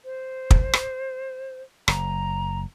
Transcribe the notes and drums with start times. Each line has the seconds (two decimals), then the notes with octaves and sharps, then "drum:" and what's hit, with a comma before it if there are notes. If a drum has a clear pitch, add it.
0.05 C5
0.51 drum: kick
0.73 drum: rim click
1.88 F#1 A#5, drum: rim click